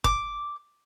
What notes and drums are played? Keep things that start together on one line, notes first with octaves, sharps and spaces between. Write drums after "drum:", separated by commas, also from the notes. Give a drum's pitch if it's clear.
D6, drum: kick